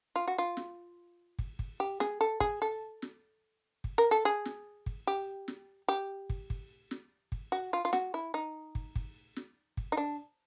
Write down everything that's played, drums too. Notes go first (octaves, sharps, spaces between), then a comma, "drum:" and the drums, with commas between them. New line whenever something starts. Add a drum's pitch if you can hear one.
F4
F#4
F4
drum: snare
drum: kick
drum: kick
G4
G#4, drum: snare
A4
G#4, drum: kick
A4
drum: snare
drum: kick
A#4
A4
G#4
drum: snare
drum: kick
G4
drum: snare
G4
drum: kick
drum: kick
drum: snare
drum: kick
F#4
F4
F4
F#4, drum: snare
E4
D#4
drum: kick
drum: kick
drum: snare
drum: kick
D#4
D4